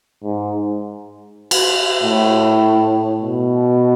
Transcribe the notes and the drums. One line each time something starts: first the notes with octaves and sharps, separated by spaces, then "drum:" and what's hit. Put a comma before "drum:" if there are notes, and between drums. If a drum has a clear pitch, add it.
G#2
drum: cymbal
A2
B2